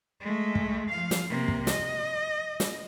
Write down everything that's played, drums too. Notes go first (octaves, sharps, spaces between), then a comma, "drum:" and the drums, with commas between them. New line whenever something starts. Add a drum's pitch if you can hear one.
G#3 A3
drum: kick
F3 F5
drum: snare
C3 A#3
drum: kick
D#5, drum: snare
drum: snare